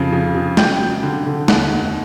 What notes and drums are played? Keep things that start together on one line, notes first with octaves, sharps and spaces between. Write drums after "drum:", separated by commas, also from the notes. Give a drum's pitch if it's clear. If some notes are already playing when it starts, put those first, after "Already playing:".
Already playing: F2 C#3
C#3
C#3
F#3 G5 G6, drum: snare
F#3
D3
D3
D#2 F#5 F#6, drum: snare
F1